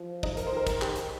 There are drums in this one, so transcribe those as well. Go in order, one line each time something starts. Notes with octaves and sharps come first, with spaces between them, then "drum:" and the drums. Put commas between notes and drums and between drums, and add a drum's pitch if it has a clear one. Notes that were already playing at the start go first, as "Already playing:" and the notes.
Already playing: F3
D#4, drum: kick
A#4, drum: hi-hat
C5
D#3
A#4
drum: kick, hi-hat
G4, drum: clap
drum: hi-hat